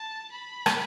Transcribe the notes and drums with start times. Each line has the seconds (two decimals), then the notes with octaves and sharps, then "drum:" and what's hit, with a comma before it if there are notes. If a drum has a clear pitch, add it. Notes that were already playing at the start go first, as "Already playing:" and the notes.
Already playing: A5
0.31 B5
0.66 drum: rim click